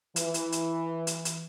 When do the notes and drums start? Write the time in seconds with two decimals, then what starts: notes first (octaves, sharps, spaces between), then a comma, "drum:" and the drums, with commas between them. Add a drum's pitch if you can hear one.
0.16 E3, drum: hi-hat
0.34 drum: hi-hat
0.52 drum: hi-hat
1.07 drum: hi-hat
1.25 drum: hi-hat